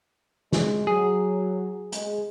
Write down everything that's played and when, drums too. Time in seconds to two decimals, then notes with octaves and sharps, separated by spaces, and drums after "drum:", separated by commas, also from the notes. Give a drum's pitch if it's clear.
0.53 G#3, drum: snare
0.87 F#3 G#4
1.92 G#3, drum: hi-hat